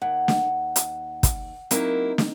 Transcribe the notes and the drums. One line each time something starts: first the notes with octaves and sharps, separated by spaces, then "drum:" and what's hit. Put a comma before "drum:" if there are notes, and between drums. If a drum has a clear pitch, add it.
D#2 F#5
drum: snare
drum: hi-hat
drum: kick, hi-hat
F#3 A#3 C4 D#4 E4, drum: hi-hat
drum: snare